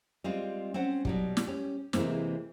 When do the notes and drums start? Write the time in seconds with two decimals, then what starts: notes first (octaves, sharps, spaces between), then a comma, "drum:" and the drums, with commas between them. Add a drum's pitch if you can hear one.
0.24 G3 G#3 C4 F4
0.74 C4 C#4 C5 F#5
1.05 B2 F#3 G3, drum: kick
1.37 drum: snare
1.47 C#4 G4
1.93 C3 E3 G#3 A#3 C4, drum: snare